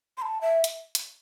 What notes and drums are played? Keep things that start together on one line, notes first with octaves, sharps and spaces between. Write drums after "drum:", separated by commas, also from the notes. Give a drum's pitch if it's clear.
C6
A5
E5
drum: hi-hat
drum: hi-hat